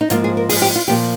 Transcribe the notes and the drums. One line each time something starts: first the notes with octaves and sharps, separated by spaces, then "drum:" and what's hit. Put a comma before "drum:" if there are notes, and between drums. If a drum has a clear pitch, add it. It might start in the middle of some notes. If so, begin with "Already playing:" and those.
D#4
G#2 F3 A#3 F4, drum: hi-hat
G#4
A#4
G#4, drum: open hi-hat
G4
F4
A#2 F3 A#3 G4